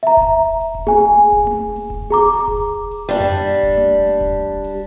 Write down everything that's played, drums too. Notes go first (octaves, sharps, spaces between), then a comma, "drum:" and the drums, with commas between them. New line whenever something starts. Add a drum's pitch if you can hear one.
E5 A#5, drum: open hi-hat
drum: kick E1
drum: open hi-hat
drum: kick E1
G#4 G#5, drum: tom A3
drum: open hi-hat
drum: kick E1
drum: tom A3
drum: open hi-hat
drum: kick E1
G#4 A#5 D6
drum: open hi-hat
drum: kick E1
drum: open hi-hat
G3 D4
drum: tom F2
drum: open hi-hat
drum: kick E1
drum: tom A3
drum: open hi-hat
drum: kick E1
drum: open hi-hat